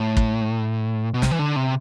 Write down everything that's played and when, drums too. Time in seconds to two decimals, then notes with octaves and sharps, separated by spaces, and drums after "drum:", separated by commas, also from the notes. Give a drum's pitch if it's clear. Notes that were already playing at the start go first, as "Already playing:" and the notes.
Already playing: A2
0.17 drum: kick
1.14 B2
1.22 C3, drum: snare
1.31 E3
1.39 D3
1.56 C3